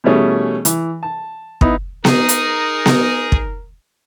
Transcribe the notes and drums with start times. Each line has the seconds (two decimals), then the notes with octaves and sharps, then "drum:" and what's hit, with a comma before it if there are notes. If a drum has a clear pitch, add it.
0.04 B2 E3 G3 A3 C#4 G#4
0.65 E3, drum: hi-hat
1.03 A5
1.61 B3 D#4 E4, drum: kick
2.05 D#4 G#4 A#4, drum: snare B3
2.29 drum: hi-hat
2.86 drum: snare B3
3.32 drum: kick